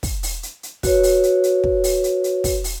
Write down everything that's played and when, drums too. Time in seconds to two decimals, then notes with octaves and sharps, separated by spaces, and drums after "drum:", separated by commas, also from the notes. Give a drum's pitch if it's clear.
0.03 drum: kick, open hi-hat
0.23 drum: open hi-hat
0.43 drum: hi-hat
0.63 drum: hi-hat
0.83 F#4 B4 C#5, drum: kick, open hi-hat
1.03 drum: open hi-hat
1.23 drum: hi-hat
1.44 drum: hi-hat
1.64 drum: kick
1.84 drum: open hi-hat
2.04 drum: hi-hat
2.24 drum: hi-hat
2.44 drum: kick, open hi-hat
2.64 drum: open hi-hat